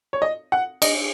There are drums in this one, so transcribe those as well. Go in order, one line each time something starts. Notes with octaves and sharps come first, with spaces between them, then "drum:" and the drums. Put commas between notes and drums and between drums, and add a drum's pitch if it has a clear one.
C#5
D#5
F#5
D#5, drum: cymbal